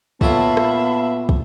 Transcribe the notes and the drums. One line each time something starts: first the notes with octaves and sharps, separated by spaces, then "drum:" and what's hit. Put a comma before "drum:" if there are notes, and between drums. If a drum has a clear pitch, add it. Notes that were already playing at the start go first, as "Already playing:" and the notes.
A#2 F#3 B3 A4 E5 F5 A5 B5, drum: kick
drum: rim click
drum: kick